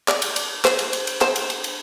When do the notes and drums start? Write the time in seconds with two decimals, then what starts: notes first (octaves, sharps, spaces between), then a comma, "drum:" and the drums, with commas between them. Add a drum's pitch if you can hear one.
0.08 D5, drum: clap
0.22 drum: cymbal
0.36 drum: cymbal
0.65 C5, drum: clap
0.79 drum: cymbal
0.93 drum: cymbal
1.07 drum: cymbal
1.21 C5, drum: clap
1.36 drum: cymbal
1.50 drum: cymbal
1.64 drum: cymbal